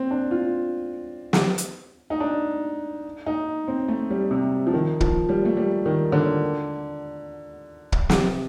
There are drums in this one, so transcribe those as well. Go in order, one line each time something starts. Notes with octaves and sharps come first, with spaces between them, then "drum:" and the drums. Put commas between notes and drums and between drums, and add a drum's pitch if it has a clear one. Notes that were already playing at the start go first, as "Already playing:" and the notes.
Already playing: C4
D4
F4
drum: snare
drum: hi-hat
D#4
D4
D#4
C4
A3
G3
C3
F3
D#3
F3, drum: kick
G3
A3
G3
D#3
D3
drum: kick
C3, drum: snare